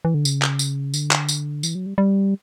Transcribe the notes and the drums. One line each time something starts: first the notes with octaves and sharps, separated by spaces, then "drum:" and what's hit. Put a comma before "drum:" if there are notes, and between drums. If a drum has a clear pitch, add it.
E3
D3
C#3, drum: tambourine
drum: clap
drum: tambourine
D3, drum: tambourine
drum: clap
drum: tambourine
E3, drum: tambourine
F#3
G3
G3